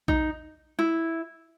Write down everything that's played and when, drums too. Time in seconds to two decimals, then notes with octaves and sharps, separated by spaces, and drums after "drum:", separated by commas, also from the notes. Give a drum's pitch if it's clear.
0.08 D#4, drum: kick A#1
0.79 E4